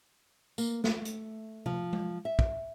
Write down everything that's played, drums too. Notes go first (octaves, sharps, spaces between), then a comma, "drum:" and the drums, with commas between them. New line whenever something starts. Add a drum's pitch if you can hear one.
A#3, drum: tambourine
A3, drum: snare
drum: hi-hat
F3, drum: tom C3
drum: tom G#3
E5
drum: kick